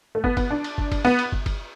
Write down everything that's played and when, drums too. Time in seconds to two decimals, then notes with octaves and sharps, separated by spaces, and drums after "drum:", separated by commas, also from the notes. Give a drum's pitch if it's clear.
0.15 A3
0.24 B3, drum: kick
0.37 B3, drum: kick, cymbal
0.51 D4
0.64 drum: cymbal
0.78 drum: kick
0.92 drum: kick, cymbal
1.05 B3
1.19 drum: cymbal
1.32 drum: kick
1.46 drum: kick, cymbal